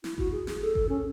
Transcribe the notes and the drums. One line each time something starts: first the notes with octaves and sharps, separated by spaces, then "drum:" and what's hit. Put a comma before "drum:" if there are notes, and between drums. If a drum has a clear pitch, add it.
E4, drum: snare
F#4, drum: kick G1
G#4
G#4, drum: snare
A4
drum: kick G1
C#4